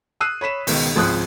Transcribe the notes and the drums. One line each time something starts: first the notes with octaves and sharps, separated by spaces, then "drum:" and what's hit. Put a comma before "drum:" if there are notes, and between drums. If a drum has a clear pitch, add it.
D#6 E6 F#6 C7 D#7
C#5 B5 B6 E7
C#2 B2 D#3, drum: open hi-hat
G#1 C#2 F3 G#4 D#6 F#6